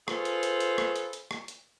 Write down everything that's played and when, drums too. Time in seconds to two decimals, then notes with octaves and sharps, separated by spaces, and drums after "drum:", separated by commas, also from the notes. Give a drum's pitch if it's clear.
0.08 F4 G#4 A4 B4 C5, drum: rim click
0.25 drum: hi-hat
0.43 drum: hi-hat
0.60 drum: hi-hat
0.78 drum: rim click
0.96 drum: hi-hat
1.13 drum: hi-hat
1.31 drum: rim click
1.48 drum: hi-hat